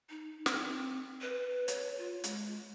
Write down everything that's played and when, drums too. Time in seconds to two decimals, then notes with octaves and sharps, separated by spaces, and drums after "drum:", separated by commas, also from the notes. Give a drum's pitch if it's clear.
0.10 D#4
0.46 C4, drum: snare
1.21 B4
1.68 C#5, drum: hi-hat
1.98 F4
2.24 G#3, drum: hi-hat